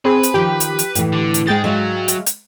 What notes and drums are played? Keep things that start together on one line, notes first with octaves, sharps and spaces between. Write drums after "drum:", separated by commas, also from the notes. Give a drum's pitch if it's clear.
C4 G#4 B4
drum: hi-hat
D#3 F3 G4
drum: hi-hat
drum: hi-hat
A2 E3, drum: hi-hat
D3
drum: hi-hat
G#2 G#3 G5 A6
F#3 G#3 E5 F5
drum: hi-hat
drum: hi-hat